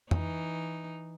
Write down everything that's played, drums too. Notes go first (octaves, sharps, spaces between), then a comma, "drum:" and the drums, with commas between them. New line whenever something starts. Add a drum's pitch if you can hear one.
E3 D#4, drum: tom F2